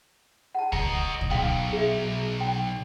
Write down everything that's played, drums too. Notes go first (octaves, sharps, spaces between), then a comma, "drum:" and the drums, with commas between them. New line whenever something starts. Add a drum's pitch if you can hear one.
F#5 A5
C#5 D#5 A#5, drum: kick
drum: kick
B1 F5 G5
G#4 E5
G5